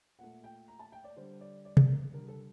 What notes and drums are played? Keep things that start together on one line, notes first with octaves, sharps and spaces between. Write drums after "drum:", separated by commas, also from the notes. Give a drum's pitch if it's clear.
A#2 A3 F#5
G5
A#5
A5
G5
D5
D3 G3 C5
D5
D5
D5, drum: tom C3
A#4
D3 G3 A#4
A4